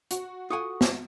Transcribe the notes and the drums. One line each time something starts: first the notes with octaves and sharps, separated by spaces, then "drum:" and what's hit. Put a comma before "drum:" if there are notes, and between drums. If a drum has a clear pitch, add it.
F#4, drum: hi-hat
F4 A4 F#5 G#5 C#6 D#6
drum: snare